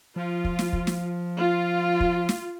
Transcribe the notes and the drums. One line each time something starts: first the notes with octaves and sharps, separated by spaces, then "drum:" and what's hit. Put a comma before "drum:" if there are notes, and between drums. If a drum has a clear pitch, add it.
F3 F4
drum: kick
drum: snare
drum: kick
drum: snare
F4
drum: kick
drum: snare